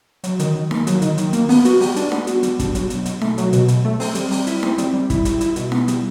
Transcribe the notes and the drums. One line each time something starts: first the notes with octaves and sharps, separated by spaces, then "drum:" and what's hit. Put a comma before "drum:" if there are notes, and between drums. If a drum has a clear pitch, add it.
F#3, drum: hi-hat
D#3, drum: hi-hat
D#3
A#3, drum: snare D#4
F#3, drum: hi-hat
D#3, drum: hi-hat
D#3, drum: hi-hat
A#3, drum: hi-hat
B3, drum: open hi-hat
F#4, drum: hi-hat
G3, drum: open hi-hat
D4, drum: hi-hat
B3, drum: snare D#4
F#4, drum: hi-hat
G3, drum: hi-hat
D4, drum: kick, hi-hat
F#3, drum: hi-hat
B2, drum: hi-hat
B2, drum: hi-hat
A3, drum: snare D#4
F#3, drum: hi-hat
B2, drum: hi-hat
B2, drum: hi-hat
A3
C4, drum: open hi-hat
G3, drum: hi-hat
G3, drum: open hi-hat
E4, drum: hi-hat
C4, drum: snare D#4
G3, drum: hi-hat
G3
E4, drum: kick, hi-hat
G3, drum: hi-hat
E4, drum: hi-hat
B2, drum: hi-hat
B3, drum: snare D#4
G3, drum: hi-hat